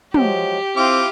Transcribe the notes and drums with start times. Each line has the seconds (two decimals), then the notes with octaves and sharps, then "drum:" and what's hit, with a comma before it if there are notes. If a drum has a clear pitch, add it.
0.14 F3 F#3 G#3 G4, drum: tom
0.77 C4 E4 F4 E5 D6